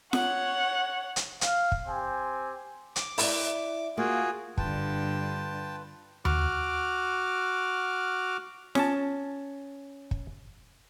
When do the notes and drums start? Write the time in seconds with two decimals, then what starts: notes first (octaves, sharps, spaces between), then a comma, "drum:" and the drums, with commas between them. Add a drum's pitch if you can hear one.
0.13 C#5 F#5, drum: snare F4
1.16 drum: hi-hat
1.41 F5, drum: hi-hat
1.72 drum: kick
1.88 C4 G4 G#5
2.96 D6, drum: hi-hat
3.18 E4 D5, drum: open hi-hat
3.97 A#3 F4 F#4 G#4
4.58 G2 D3 F4 B4 G5 A5, drum: kick
6.25 F#4 D6 F6, drum: tom D#2
8.75 C#4 A5, drum: snare F4
10.11 drum: kick